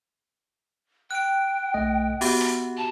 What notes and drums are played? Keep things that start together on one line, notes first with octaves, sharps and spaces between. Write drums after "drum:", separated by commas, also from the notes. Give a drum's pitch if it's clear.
G5 F#6 D7
B1 A3 D#5
B3 F#4 G4 F#5, drum: open hi-hat
drum: rim click
A5